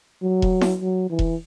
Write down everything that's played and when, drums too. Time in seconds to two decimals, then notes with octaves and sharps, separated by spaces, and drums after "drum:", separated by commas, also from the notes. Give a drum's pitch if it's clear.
0.23 F#3
0.42 drum: kick E1
0.61 drum: snare E4
0.81 F#3
1.10 E3
1.19 drum: kick E1